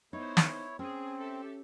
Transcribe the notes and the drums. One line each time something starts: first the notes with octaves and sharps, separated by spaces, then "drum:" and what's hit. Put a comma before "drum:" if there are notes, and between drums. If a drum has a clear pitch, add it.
B3 D#4 E4 C5 C#5
drum: snare
C4 C#4 G#4
G4 A4 E5